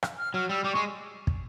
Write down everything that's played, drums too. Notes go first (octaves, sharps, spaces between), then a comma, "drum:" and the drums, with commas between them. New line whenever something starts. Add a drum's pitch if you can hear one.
drum: rim click
F6
F#3 F6
G3 E6
G3 D6
C#6
G#3
drum: kick